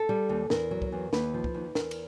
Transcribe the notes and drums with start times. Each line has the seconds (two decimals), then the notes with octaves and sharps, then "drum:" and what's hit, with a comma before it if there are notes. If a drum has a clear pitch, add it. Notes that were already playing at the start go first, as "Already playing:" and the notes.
Already playing: A4
0.09 G3
0.29 D#2
0.50 E2 A#4, drum: snare
0.71 F#3
0.82 drum: kick
0.92 E2
1.13 D#2 B4, drum: snare
1.34 F3
1.44 drum: kick
1.54 D#2
1.75 E2 A#4, drum: snare
1.91 drum: cymbal